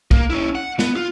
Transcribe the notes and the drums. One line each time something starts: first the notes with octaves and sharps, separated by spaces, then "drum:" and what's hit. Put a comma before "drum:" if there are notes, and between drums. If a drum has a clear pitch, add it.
A#3, drum: kick
C#4 E4
F#5
B3, drum: snare
F4